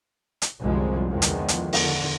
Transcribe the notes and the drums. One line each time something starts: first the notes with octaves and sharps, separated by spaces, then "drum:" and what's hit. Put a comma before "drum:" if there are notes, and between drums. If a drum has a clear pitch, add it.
drum: hi-hat
C2 F#2 D3 F3 F#3 G#3
E2 D3 D#3 F3 G#3
drum: hi-hat
drum: hi-hat
E2 D3, drum: open hi-hat